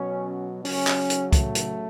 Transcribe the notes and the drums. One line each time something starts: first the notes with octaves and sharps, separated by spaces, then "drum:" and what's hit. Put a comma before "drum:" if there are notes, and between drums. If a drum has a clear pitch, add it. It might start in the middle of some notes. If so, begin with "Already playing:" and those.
Already playing: B2 F#3 C#4
C#3 F#3 C#4, drum: open hi-hat
drum: clap
drum: hi-hat
A3, drum: kick, hi-hat
drum: hi-hat